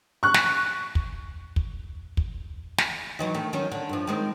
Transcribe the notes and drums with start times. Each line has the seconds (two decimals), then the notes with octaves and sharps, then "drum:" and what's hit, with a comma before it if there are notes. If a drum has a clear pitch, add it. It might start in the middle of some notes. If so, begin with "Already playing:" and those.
0.23 C#6 F#6
0.34 drum: snare
0.95 drum: kick
1.56 drum: kick
2.17 drum: kick
2.78 drum: snare
3.19 D#3 E3 F#3
3.34 D#3 A3
3.53 D#3 F#3 C#4
3.72 D3
3.89 G2 F3
4.07 D#3 G#3 C4